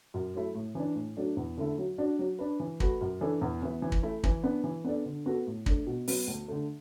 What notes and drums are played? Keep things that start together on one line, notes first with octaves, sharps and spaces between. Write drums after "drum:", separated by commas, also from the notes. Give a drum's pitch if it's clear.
F#2
F#3 A3 E4
A2
E3 D4
A2
F#3 A3 D4
E2
D3 A3 E4 A4
F#3
D4 F#4 D5
F#3
D4 B4
E3
A3 F#4 B4, drum: kick
F#2
E3 D4 A4
E2
E3 B3 E4
E3
drum: kick
A3 E4
E3, drum: kick
B3 D4
E3
B3 D4 A4 D5
D3
B3 F#4 A4
A2
A3 D4, drum: kick
B2
F#3 B3, drum: open hi-hat
D2
D3 A3